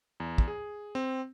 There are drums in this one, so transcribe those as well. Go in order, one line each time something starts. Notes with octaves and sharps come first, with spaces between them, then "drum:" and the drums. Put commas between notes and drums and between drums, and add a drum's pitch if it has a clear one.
E2
drum: kick
G#4
C4